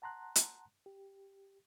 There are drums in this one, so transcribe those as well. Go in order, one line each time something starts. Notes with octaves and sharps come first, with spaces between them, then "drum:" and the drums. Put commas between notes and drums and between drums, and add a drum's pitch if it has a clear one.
F#5 A5 A#5 C6 F#6
drum: hi-hat
G4